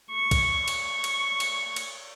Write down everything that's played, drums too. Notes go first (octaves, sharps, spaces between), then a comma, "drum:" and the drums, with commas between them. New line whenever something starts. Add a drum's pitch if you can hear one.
C#6
drum: kick, cymbal
C#6, drum: cymbal
drum: cymbal
drum: cymbal
drum: cymbal